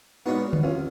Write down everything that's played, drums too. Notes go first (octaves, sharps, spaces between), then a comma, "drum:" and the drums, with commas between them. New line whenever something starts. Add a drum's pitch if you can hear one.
A#2 G#3 B3 C#4 D#4 F#4
drum: tom D3
D#2 C#4 F4